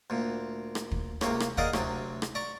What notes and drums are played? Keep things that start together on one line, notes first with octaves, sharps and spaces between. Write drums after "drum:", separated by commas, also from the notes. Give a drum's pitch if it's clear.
D2 A#2
drum: rim click
drum: kick
C#2 C3 A#3 C#5, drum: rim click
drum: rim click
G#4 A#4 D5 D#5 F5 F#5, drum: kick
D2 C3 F#3, drum: rim click
drum: rim click
D5 A#5 C#6